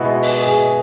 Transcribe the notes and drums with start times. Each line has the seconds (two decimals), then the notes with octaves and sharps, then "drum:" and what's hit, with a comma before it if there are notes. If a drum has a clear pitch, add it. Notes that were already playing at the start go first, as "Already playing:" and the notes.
Already playing: B2 G#3 B3 E4 F#4
0.23 drum: open hi-hat
0.42 G#4